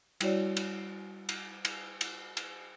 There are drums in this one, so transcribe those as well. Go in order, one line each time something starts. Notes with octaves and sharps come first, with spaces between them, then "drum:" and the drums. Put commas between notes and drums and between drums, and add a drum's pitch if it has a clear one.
G3 E4 F#4 C#5 D5, drum: cymbal
drum: cymbal
drum: cymbal
drum: cymbal
drum: cymbal
drum: cymbal